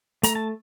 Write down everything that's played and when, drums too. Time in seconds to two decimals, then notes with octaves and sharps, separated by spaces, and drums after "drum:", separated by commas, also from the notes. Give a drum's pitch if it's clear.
0.23 A3 A#5, drum: hi-hat
0.35 A5